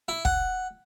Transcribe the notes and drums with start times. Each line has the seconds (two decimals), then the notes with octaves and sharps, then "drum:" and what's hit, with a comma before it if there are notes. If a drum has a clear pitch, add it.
0.08 E4
0.25 F#5, drum: kick